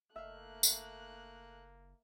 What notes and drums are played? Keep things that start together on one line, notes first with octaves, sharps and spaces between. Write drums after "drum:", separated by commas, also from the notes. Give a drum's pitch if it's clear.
F#1 A3 A#3 E5 F5 F#6
drum: tambourine